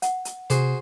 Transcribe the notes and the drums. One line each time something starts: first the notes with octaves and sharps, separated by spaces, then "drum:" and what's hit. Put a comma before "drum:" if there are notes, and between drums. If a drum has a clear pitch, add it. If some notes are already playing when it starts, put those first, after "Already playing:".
F#5, drum: hi-hat
drum: hi-hat
C3 F#4 G#4 C5, drum: hi-hat